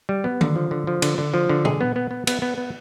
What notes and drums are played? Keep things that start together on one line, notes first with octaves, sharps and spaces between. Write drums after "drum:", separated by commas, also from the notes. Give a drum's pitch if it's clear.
G3
B3
D3, drum: tom D#3
F3
D3
F3
D3, drum: cymbal
D3
F3
D3
G#4, drum: tom
B3
B3
B3
B3, drum: cymbal
B3
B3